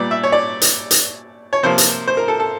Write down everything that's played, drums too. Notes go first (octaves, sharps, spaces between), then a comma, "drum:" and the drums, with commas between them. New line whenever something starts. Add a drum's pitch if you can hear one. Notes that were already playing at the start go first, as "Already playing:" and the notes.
Already playing: A#2 G3 B3 D5
E5
C#5
D5
drum: hi-hat
drum: hi-hat
C#5
C3 F3 A#3 C5
drum: hi-hat
C5
A#4
A4
A4